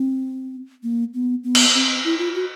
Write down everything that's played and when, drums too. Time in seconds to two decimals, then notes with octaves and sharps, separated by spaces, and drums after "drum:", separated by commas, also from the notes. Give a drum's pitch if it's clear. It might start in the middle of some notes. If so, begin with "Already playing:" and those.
Already playing: C4
0.83 A#3
1.14 B3
1.44 B3
1.55 drum: cymbal
1.74 C4
2.04 E4
2.19 F4
2.35 F#4